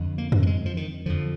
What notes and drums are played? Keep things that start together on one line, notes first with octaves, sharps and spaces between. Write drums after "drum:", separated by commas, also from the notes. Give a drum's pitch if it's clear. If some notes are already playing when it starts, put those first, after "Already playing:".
Already playing: F2 D3
A#3
drum: tom F2
F#3
G#3
F3
D#3
F2 D3 F3